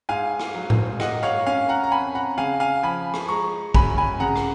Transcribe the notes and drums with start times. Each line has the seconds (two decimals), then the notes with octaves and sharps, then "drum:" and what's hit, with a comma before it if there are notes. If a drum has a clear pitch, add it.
0.09 G#2 F5 G#5
0.40 drum: rim click
0.55 F#3
0.70 drum: tom A2
1.00 A#3 D#5 F#5, drum: rim click
1.23 C#5 F5
1.46 C#4 F5 G#5
1.69 F#5 A#5
1.84 A#5
1.92 F2 G#5 B5
2.15 F#5 A#5
2.38 C#3 F5 G#5
2.60 F5 G#5
2.83 F3 G#5 B5
3.14 drum: rim click
3.29 G#3 A#5 C#6
3.74 F#2 G#5 B5, drum: kick
3.98 G#5 B5
4.20 C#3 F#5 A#5
4.36 drum: rim click